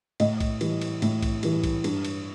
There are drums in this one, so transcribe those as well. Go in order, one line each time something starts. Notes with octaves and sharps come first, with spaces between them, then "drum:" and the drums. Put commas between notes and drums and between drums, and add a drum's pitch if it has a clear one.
A2 D#5, drum: cymbal
drum: kick B1, cymbal
E3 G3, drum: cymbal
drum: cymbal
A2, drum: cymbal
drum: kick B1, cymbal
E3 G3, drum: cymbal
drum: kick B1, cymbal
G2, drum: cymbal
drum: cymbal